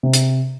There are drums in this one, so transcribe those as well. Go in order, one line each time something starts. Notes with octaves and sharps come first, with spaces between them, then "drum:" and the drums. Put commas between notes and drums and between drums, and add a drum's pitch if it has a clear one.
C3
drum: hi-hat